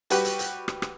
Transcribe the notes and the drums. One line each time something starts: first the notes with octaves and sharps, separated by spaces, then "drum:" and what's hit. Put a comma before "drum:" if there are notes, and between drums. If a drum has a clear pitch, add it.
G3 F#4 G4 B4, drum: hi-hat
drum: hi-hat
drum: hi-hat
drum: rim click
drum: rim click